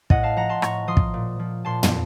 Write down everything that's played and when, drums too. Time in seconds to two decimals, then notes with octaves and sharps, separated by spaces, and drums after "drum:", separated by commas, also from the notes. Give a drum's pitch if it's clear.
0.10 A2 D#5 F#5, drum: kick
0.23 F5 A5
0.36 F3 F#5 A#5
0.49 A5 C6
0.62 A2 A#5 C#6, drum: rim click
0.87 F3 C6 D#6
0.97 drum: kick
1.14 A#2
1.39 F3
1.65 A#2 A5 C6
1.83 drum: tom